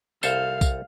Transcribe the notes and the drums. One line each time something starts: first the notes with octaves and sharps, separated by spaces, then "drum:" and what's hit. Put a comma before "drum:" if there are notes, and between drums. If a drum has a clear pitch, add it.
C2 A4 C5 F5, drum: tambourine
drum: kick B1, tambourine